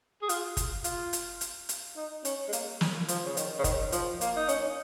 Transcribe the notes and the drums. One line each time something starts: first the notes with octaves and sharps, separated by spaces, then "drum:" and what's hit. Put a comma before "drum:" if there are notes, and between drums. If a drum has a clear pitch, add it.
G#4
F4, drum: hi-hat
drum: kick F#1, hi-hat
F4, drum: hi-hat
drum: hi-hat
drum: hi-hat
drum: hi-hat
D#4
C#4, drum: hi-hat
G#3
A#3, drum: hi-hat
drum: snare
F3, drum: hi-hat
C#3
D#3, drum: hi-hat
C#3
D#3, drum: kick F#1, hi-hat
F3, drum: hi-hat
A#3, drum: hi-hat
D#4
C#4, drum: hi-hat